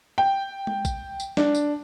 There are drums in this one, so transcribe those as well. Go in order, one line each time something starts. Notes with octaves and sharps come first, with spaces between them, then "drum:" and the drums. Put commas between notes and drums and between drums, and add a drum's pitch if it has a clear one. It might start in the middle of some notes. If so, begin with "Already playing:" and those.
G5
drum: tom G#3
drum: kick A1, tambourine
drum: tambourine
D4, drum: snare
drum: tambourine